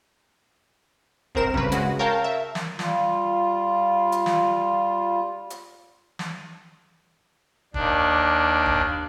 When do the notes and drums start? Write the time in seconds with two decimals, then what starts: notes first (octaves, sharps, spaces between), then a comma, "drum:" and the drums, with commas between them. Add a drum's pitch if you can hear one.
1.35 G1 C4 A#4 E7, drum: kick
1.54 C#3 G3 B4, drum: kick
1.72 C#3 G#3 F#4, drum: hi-hat
1.99 A#4 C#5 F5 G5 A5
2.24 E5
2.55 drum: snare
2.79 G3 F4, drum: snare
4.12 drum: hi-hat
4.26 drum: snare
5.50 drum: hi-hat
6.19 drum: snare
7.74 D#2 D4, drum: kick
8.66 drum: kick